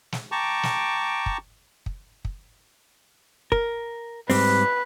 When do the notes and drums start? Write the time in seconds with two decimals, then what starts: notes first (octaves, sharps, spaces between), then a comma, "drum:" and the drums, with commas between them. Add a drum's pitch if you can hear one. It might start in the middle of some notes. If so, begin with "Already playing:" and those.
0.12 drum: snare
0.32 G5 A5 A#5 C#6 D6
0.63 drum: snare
1.26 drum: kick
1.86 drum: kick
2.25 drum: kick
3.52 A#4, drum: kick
4.30 G#2 G3 C4 B4, drum: open hi-hat